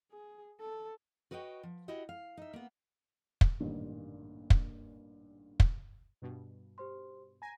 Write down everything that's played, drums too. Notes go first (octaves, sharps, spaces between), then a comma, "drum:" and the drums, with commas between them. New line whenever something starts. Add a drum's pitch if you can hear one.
G#4
A4
F#4 B4 C#5 D#5 G5
F3
E4 F#4 G4 D#5 F#5
F5
D#4 E5
A#3 B3
drum: kick
A1 G2 A#2 D3 D#3 G3
drum: kick
drum: kick
G2 B2
G4 C5 C6
G#5 A#5 A#6